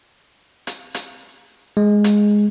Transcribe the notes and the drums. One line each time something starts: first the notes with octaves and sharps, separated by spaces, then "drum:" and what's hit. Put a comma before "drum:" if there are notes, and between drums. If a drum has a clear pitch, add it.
drum: hi-hat
drum: hi-hat
G#3
drum: hi-hat